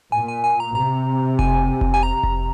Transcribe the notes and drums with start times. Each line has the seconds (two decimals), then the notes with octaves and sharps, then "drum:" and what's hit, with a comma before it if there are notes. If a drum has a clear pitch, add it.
0.12 A#2 G#5
0.28 G#5
0.44 G#5
0.60 A#5
0.75 C3 A#5
1.39 G#5, drum: kick F1
1.81 drum: kick F1
1.94 G#5
2.03 A#5
2.23 drum: kick F1